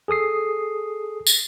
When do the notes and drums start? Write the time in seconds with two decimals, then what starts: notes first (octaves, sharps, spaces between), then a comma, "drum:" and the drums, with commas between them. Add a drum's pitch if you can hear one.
0.08 G#4 A4 D#6 C7
1.27 drum: tambourine